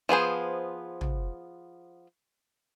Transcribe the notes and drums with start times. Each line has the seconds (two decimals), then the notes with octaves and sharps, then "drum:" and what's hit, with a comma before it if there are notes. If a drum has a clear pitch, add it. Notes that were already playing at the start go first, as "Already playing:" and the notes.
0.09 F3 B3 G#4 C5
1.01 drum: tom